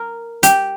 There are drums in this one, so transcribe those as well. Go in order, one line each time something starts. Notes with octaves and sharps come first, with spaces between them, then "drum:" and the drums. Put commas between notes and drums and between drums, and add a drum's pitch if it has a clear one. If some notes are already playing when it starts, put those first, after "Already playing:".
Already playing: A#4
G4, drum: hi-hat